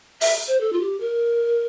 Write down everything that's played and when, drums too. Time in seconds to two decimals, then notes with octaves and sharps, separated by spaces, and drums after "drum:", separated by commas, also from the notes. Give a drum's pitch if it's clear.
0.21 E5, drum: open hi-hat
0.48 C5
0.61 A4
0.73 F4
0.81 G4
1.00 A#4